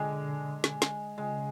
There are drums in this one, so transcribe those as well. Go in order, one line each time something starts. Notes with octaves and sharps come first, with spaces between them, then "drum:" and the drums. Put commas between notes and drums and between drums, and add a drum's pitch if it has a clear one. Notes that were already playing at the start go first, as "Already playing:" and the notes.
Already playing: D3 G#3
drum: snare
drum: snare
C#3 G#3